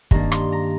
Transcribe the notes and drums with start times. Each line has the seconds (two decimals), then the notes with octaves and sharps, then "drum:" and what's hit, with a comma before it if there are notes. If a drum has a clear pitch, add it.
0.11 G2 D#3 A#3 D4 A#5, drum: kick
0.32 C6, drum: rim click
0.52 A#5